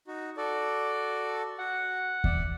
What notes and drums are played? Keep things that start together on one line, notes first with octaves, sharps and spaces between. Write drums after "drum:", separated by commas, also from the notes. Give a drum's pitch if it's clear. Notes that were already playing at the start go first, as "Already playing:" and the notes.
D#4 F#4
F#4 A4 D5
F#4 F#5
D5 E5, drum: kick D#2